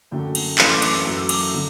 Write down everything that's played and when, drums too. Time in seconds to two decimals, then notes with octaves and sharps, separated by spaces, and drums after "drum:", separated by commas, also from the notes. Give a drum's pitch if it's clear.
0.11 F#2 D3 F#3 A3 G5
0.35 drum: cymbal
0.58 F#2 E3 A3 C6, drum: clap
0.70 D6
0.82 D6, drum: cymbal
0.94 E6
1.06 F#2 F#3 A3 E6
1.29 D6, drum: cymbal
1.54 D3